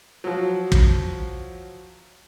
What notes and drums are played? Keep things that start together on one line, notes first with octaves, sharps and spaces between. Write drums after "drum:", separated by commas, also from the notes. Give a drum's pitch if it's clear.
F3 F#3
drum: kick